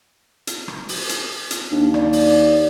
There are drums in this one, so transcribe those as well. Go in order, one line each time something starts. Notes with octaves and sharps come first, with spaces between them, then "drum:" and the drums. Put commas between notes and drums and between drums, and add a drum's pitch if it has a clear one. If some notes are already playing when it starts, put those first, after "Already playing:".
drum: hi-hat
drum: rim click
drum: open hi-hat
drum: hi-hat
drum: hi-hat
D#2 D4
D5, drum: rim click
drum: open hi-hat